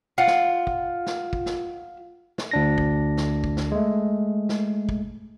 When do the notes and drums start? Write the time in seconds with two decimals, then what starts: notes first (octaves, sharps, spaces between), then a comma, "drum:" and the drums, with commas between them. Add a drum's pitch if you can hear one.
0.18 F4 F#5
0.27 drum: snare
0.67 drum: kick
1.06 drum: snare
1.33 drum: kick
1.46 drum: snare
2.38 drum: snare
2.51 D2 D4 A#6
2.78 drum: kick
3.17 drum: snare
3.44 drum: kick
3.57 drum: snare
3.72 G#3 A3
4.49 drum: snare
4.89 drum: kick